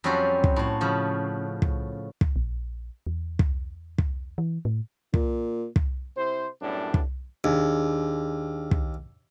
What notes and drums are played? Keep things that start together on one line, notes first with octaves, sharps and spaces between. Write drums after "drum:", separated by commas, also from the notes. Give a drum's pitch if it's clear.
F2 F#3 G3 C#4 F#4 C5
drum: kick
A2 F#4
C#3 F3 F#4
drum: kick
drum: kick
A#1
E2
drum: kick
drum: kick
E3
A2
A#2, drum: kick
drum: kick
C3 E4 C5
F#2 A2 G3 B3 D4
drum: kick
D#2 D4 G#4
drum: kick